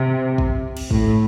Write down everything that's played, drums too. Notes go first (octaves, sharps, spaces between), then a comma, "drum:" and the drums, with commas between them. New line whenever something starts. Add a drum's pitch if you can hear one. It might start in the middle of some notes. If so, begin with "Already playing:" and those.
Already playing: C3
drum: kick
drum: cymbal
A2, drum: kick